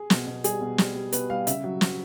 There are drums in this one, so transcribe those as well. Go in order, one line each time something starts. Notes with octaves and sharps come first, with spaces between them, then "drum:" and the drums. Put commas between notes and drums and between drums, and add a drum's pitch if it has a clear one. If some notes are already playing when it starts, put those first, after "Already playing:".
Already playing: G#4
B2, drum: snare
B2
G3 G#4, drum: hi-hat
B2
G3, drum: snare
G3
B2 B4, drum: hi-hat
G3 F5
C#3 E5, drum: hi-hat
F#3
F#3, drum: snare